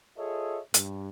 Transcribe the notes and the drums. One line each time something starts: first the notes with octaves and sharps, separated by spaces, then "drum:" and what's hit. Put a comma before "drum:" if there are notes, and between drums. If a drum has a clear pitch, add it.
F4 G#4 A4 C#5 D#5 E5
G2, drum: hi-hat